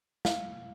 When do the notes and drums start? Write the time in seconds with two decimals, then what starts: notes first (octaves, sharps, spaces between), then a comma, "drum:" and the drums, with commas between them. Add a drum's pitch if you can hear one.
0.25 F5, drum: snare